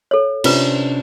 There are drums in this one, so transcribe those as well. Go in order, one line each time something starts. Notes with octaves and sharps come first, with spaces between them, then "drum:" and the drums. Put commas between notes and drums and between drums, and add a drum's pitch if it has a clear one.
A4 C#5
C3 C#4 D4 F4 B4, drum: cymbal